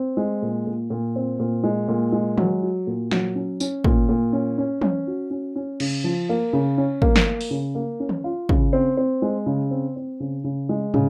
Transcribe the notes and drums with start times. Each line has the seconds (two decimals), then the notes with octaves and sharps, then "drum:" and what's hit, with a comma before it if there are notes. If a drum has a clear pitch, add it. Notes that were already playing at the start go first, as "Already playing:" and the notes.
Already playing: C4
0.17 G#3
0.42 A#2
0.67 A#2
0.90 A#2
1.16 C4
1.39 A#2
1.63 G#3
1.88 A#2
2.12 G#3
2.38 F#3, drum: tom
2.63 F#4
2.87 A#2
3.11 F#3, drum: snare
3.35 C#4
3.60 C#4, drum: tambourine
3.84 A#2, drum: kick
4.09 A#2
4.33 C#4
4.58 C#4
4.81 C#4, drum: tom
5.07 F#4
5.30 C#4
5.56 C#4
5.80 C#3, drum: cymbal
6.04 F3
6.29 A#3
6.53 C#3
6.78 C#4
7.02 A#3, drum: kick
7.16 drum: snare
7.26 A#3
7.41 drum: open hi-hat
7.51 C#3
7.75 A#3
8.00 C#4
8.09 drum: tom
8.24 F4
8.49 C#3, drum: kick
8.73 C4
8.97 C4
9.22 G#3
9.46 C#3
9.71 C4
9.96 C4
10.20 C#3
10.44 C#3
10.69 G#3
10.94 C#3, drum: tom